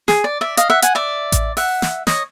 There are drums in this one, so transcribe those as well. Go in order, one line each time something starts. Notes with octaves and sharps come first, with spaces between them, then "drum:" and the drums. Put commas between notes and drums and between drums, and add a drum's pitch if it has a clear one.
G#4, drum: snare
D5
D5 E5
D#5 F5, drum: hi-hat
E5 F#5
F#5 G#5, drum: hi-hat
D5 E5
drum: kick A1, hi-hat
E5 F#5, drum: open hi-hat
drum: snare
C#5 D#5, drum: snare